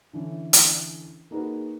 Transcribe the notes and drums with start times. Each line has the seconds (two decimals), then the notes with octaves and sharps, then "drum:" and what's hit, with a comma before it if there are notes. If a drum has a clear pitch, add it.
0.13 D3 E3 C#4
0.53 drum: hi-hat
1.31 A#3 D#4 F#4 G#4 B4